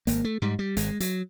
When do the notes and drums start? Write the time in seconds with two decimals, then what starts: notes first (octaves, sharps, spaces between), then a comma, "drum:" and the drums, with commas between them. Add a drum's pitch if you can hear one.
0.07 G#1 A#3, drum: hi-hat
0.24 A3
0.42 G#2 G3
0.59 G3
0.77 G#1 G#3, drum: hi-hat
1.00 F#3, drum: hi-hat